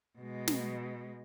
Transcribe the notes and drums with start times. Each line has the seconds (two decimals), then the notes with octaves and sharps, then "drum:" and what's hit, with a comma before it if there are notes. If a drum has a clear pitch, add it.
0.19 B2 G#3
0.48 drum: snare